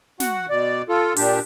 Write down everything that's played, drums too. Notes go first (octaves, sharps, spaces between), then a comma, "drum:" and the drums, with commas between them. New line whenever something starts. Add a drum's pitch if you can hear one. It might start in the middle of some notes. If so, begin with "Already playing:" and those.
F#4 F#5, drum: snare
B2 D5
F4 A4
A#2 D4 G4, drum: open hi-hat